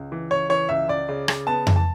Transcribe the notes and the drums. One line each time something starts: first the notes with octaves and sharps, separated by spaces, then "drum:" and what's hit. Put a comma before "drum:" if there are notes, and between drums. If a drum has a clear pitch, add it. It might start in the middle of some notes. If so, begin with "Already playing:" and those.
Already playing: C#2
E3
C#2 C#5
E3 C#5
C#2 E5
C#2 D5
C#3
C#3, drum: rim click
B3 A5
E3, drum: tom F2
A5